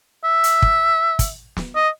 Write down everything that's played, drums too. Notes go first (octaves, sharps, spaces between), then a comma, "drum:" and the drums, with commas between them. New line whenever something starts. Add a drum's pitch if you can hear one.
E5
drum: hi-hat
drum: kick
drum: kick, hi-hat
drum: snare
D#5